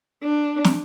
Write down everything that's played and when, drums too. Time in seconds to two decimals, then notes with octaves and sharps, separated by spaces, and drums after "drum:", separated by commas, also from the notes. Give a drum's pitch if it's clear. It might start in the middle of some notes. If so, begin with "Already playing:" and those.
0.23 D4
0.64 drum: snare